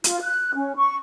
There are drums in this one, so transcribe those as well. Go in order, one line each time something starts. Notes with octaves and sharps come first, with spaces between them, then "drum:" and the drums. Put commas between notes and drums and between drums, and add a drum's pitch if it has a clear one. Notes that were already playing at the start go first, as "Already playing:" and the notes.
F4, drum: hi-hat
F#6
C#4
C#6